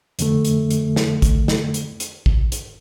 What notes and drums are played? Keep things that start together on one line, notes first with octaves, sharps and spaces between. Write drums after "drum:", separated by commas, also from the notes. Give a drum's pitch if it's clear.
F2 D3 A3, drum: hi-hat
drum: hi-hat
drum: hi-hat
drum: snare
drum: kick A1, hi-hat
drum: snare
drum: hi-hat
drum: hi-hat
drum: kick A1
drum: hi-hat